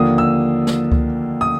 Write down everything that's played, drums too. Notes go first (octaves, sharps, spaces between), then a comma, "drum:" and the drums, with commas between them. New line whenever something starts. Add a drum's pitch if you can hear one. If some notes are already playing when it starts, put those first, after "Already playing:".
Already playing: D#2 D3 F3 A#3 D#6
E6
drum: snare
drum: kick C#2
D#6